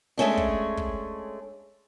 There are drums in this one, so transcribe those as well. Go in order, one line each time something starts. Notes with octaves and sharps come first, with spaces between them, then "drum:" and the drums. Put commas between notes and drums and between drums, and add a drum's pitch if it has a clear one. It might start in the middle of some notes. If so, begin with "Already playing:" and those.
G#3 A3 C#4 D4
drum: kick
drum: kick